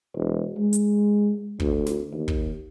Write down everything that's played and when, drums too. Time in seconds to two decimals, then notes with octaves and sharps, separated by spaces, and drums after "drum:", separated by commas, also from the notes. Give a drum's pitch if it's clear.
0.16 E1
0.57 G#3
0.73 drum: hi-hat
1.60 D2, drum: kick
1.87 drum: snare
2.13 D#2
2.28 drum: kick